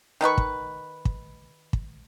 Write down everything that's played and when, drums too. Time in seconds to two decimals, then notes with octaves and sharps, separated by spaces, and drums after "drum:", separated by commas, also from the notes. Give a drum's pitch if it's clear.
0.21 D#3 D#4 B4 C#6
0.38 drum: kick
1.05 drum: kick
1.73 drum: kick